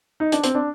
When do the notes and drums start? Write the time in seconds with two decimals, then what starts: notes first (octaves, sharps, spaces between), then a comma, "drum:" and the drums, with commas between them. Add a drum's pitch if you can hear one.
0.20 D#4
0.32 D4, drum: hi-hat
0.44 C4, drum: hi-hat
0.55 D4